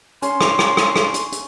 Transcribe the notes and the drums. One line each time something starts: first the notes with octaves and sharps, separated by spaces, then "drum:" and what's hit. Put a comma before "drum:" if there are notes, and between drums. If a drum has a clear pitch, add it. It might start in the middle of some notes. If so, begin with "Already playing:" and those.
C#4 C6, drum: hi-hat
drum: rim click
drum: rim click
drum: rim click
drum: rim click
drum: hi-hat
drum: hi-hat